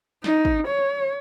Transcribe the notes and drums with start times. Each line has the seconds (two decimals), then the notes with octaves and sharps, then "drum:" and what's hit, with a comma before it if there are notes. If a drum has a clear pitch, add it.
0.24 D#4, drum: snare
0.45 drum: kick
0.68 C#5